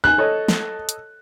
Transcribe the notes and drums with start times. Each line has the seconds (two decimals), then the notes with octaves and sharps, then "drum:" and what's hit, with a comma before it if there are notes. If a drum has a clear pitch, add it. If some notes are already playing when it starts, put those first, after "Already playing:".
0.04 D#4 G#5 F#6
0.18 A4 C#5 D#5
0.48 drum: snare
0.89 drum: hi-hat